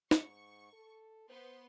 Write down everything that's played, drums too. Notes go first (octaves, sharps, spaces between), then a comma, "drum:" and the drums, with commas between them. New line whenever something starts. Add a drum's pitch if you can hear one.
G#2 C#6, drum: snare
A4
B3 C5 C6